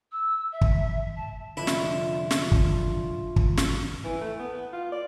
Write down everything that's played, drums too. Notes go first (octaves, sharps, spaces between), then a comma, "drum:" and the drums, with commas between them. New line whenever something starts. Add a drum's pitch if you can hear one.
E6
E5
drum: kick
A5
C2 F2 D3 E4 F4
drum: snare
drum: snare
drum: kick
drum: kick
drum: snare
E3
A3
B3
B4
F4
D5